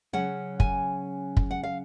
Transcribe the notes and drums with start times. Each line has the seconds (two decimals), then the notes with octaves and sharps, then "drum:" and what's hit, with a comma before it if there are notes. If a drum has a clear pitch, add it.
0.13 C#3 F#3 C#4 F#5
0.60 G#5, drum: kick
1.37 drum: kick
1.51 F#5
1.63 F5